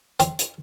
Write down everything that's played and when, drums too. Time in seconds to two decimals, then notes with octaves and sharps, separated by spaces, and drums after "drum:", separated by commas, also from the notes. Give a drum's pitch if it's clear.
0.20 C4, drum: hi-hat
0.39 drum: hi-hat